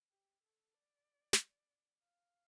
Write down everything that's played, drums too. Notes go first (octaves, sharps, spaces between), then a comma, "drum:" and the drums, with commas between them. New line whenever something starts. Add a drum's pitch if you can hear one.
G4
A4
D5
drum: snare
F5